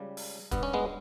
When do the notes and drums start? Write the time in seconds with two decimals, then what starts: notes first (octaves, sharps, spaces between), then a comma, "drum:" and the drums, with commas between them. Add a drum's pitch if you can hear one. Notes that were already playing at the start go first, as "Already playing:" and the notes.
Already playing: C#2 C#3 G3
0.17 drum: open hi-hat
0.51 G2 G3 B3, drum: kick, hi-hat
0.63 C#4
0.73 G#3 B3